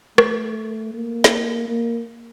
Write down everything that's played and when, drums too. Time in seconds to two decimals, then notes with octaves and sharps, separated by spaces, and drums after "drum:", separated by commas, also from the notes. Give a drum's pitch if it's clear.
0.18 A3, drum: rim click
0.94 A#3
1.24 drum: snare
1.68 A#3